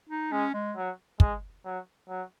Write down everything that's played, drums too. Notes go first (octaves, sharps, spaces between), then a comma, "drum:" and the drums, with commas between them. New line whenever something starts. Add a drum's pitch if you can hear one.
D#4
G#3 C#4
G#3
F#3
G#3, drum: kick
F#3
F#3